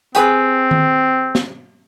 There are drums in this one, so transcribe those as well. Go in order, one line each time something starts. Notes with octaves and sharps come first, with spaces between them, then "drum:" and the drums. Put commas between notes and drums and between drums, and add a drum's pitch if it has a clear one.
C4 G4 G#4 B4, drum: hi-hat
drum: tom D#3
drum: snare